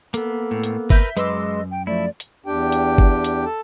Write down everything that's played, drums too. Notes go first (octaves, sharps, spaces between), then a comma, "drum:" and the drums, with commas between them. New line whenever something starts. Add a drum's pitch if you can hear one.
A#3 B3 A4, drum: hi-hat
A2
drum: hi-hat
A#4 B4 E5 G6 B6, drum: kick G1
F#2 G#3 B4 D#5 C6 D6 E6, drum: hi-hat
G5
F3 A3 E4 D5
drum: hi-hat
E2 D4 G4 G5
drum: hi-hat
drum: kick G1
drum: hi-hat
A4 A5